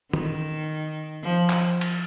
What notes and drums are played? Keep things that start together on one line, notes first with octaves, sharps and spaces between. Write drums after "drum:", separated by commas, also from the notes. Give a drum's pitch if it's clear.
D#3, drum: tom
F3
drum: clap
drum: cymbal